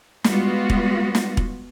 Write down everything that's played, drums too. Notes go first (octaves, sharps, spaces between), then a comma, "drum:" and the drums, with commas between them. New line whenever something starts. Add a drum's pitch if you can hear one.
G3 G#3 B3 F4 F#4, drum: snare
drum: kick E1
drum: snare
drum: kick E1